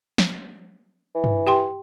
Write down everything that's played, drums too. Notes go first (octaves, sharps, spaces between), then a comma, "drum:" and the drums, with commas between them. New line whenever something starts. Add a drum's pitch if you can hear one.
drum: snare
E3
drum: tom G2
G4 G5 C6